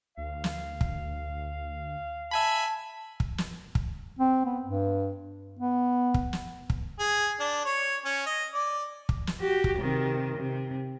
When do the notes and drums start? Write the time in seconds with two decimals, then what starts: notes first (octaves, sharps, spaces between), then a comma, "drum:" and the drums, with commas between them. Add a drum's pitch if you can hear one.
0.18 D2 F5
0.44 drum: snare
0.81 drum: kick
2.31 E5 G#5 A5 B5
3.20 drum: kick
3.38 drum: snare
3.75 drum: kick
4.19 C4
4.46 B3
4.65 G2
5.59 B3
6.14 drum: kick
6.33 drum: snare
6.70 drum: kick
6.99 G#4
7.40 D4
7.65 C#5
8.05 C#4
8.26 D#5
8.54 D5
9.09 drum: kick
9.27 drum: snare
9.41 F#4 G4
9.64 drum: kick
9.78 C3 D#3
10.37 C3